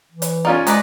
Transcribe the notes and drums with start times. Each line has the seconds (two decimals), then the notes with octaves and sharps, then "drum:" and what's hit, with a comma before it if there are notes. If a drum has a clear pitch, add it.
0.12 E3
0.22 drum: hi-hat
0.45 C#4 D#4 F4 D5
0.67 G#3 D#4 B4 D5, drum: hi-hat